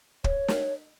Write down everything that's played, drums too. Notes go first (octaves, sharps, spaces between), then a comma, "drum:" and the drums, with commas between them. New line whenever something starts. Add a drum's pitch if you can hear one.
C#5, drum: kick
drum: snare